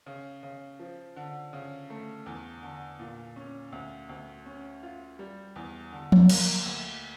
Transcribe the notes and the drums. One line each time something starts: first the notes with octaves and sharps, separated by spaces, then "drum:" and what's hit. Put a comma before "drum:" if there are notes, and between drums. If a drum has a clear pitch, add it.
C#3
C#3
F3
D3
C#3
A3
E2
D3
A#2
C#4
D2
D2
C#4
F4
G3
E2
D3
drum: tom F3
A#3, drum: cymbal
D2